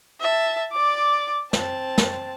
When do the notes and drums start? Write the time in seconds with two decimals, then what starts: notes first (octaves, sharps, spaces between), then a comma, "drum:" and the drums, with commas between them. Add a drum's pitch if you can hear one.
0.21 E5 A5
0.72 D5 D6
1.53 C4 A5, drum: snare
1.98 drum: snare